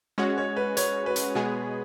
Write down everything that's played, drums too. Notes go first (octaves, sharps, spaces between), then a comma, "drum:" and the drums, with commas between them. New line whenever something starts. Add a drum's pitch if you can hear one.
G#3 C#4 F#4 C#5
C#5
B4
C#5, drum: hi-hat
B4
drum: hi-hat
B2 G#3 B3 G#4